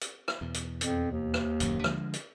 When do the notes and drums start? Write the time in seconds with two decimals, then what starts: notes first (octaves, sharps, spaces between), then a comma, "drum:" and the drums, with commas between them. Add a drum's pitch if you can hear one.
0.01 drum: hi-hat
0.28 drum: rim click
0.41 E2 B2
0.54 drum: hi-hat
0.81 F2, drum: hi-hat
1.12 D#2
1.34 drum: rim click
1.60 D#1 F#2 D#3, drum: hi-hat
1.84 D3 F3 G#3, drum: rim click
2.13 drum: hi-hat